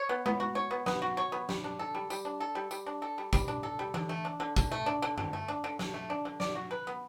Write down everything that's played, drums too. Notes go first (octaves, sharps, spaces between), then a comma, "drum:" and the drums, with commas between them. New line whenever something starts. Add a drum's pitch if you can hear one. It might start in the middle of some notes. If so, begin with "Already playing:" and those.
Already playing: C#5
B3
B3, drum: tom G#3
F#4
C#5
B3
B3, drum: snare
F#4
C#5
B3
G3, drum: snare
D4
A4
G3
G3, drum: tambourine
D4
A4
G3
G3, drum: tambourine
D4
A4
G3
G3, drum: kick, tambourine
D4
A4
G3
D3, drum: tom E3
A3
D4
D3
D3, drum: kick, tambourine
A3
D4
D3
D3, drum: tom
A3
D4
D3
D3, drum: snare
A3
D4
D3
D5, drum: snare
F#4
B4
B3